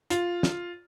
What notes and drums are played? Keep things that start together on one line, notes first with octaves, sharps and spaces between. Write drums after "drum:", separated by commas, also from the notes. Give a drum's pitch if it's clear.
F4, drum: hi-hat
drum: snare